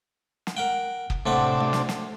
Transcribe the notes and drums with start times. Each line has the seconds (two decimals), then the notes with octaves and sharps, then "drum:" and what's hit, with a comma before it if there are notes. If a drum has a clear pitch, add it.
0.47 drum: snare
0.57 A#4 F#5 G5
1.10 drum: kick
1.26 A2 C3 C4 D4 A4 F#5
1.61 D2
1.73 drum: snare
1.89 drum: snare